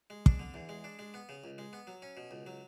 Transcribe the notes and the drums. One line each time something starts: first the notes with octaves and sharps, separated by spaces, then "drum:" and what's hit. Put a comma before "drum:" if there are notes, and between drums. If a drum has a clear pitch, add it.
G#3
D4, drum: kick
D3
E2
G#3
D4
G#3
B3
C#3
C#2
G#3
B3
F#3
C#4
B2
C#2
F#3